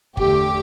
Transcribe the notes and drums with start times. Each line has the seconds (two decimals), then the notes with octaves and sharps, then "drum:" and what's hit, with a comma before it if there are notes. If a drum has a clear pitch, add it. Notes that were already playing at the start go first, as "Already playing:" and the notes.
0.17 E2 D3 A3 G4, drum: kick